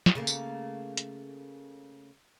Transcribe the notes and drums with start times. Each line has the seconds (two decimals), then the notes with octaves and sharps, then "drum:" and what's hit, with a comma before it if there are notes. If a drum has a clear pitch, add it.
0.06 drum: snare
0.15 C#3 A3 A#3
0.27 drum: tambourine
0.97 drum: hi-hat